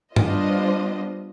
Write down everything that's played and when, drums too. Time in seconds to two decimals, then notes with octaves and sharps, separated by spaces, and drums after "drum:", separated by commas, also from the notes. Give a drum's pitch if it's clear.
0.16 G3 B3 D4 F4 C5 D#5, drum: tom G2